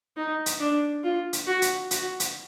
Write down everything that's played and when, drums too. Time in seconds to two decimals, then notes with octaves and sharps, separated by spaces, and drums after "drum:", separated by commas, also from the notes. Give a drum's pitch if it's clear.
0.17 D#4
0.46 drum: hi-hat
0.60 D4
1.04 F4
1.33 drum: hi-hat
1.47 F#4
1.62 drum: hi-hat
1.91 F#4, drum: hi-hat
2.20 drum: hi-hat